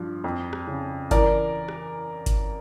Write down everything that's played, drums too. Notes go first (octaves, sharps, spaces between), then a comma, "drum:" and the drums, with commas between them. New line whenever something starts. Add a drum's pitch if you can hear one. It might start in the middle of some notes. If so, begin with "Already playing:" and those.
Already playing: G2 F3
F2
drum: rim click
C#3
E3 A#4 D5, drum: kick G1, hi-hat
drum: rim click
drum: kick G1, hi-hat